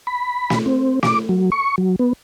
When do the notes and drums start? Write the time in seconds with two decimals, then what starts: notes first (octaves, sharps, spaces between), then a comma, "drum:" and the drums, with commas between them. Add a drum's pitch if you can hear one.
0.07 B5
0.50 drum: snare
0.66 C4
1.03 D6, drum: snare
1.29 F#3
1.52 C#6
1.78 F#3
1.99 B3